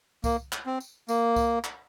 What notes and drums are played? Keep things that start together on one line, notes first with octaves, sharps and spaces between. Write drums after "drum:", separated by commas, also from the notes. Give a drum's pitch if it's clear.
A#3, drum: kick C2, tambourine
drum: clap
C4
drum: tambourine
A#3, drum: tambourine
drum: kick C2, tambourine
drum: clap